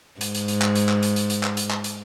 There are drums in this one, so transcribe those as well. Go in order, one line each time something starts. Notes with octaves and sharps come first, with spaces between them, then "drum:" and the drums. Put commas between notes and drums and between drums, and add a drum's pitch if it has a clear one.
G#2, drum: hi-hat
drum: hi-hat
drum: hi-hat
drum: clap
drum: hi-hat
drum: clap
drum: hi-hat
drum: hi-hat
drum: hi-hat
drum: clap
drum: hi-hat
drum: clap
drum: hi-hat